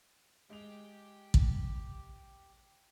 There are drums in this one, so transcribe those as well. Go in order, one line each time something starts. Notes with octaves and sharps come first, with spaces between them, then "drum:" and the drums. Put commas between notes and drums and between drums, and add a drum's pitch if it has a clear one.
G#3 G4 F7
drum: kick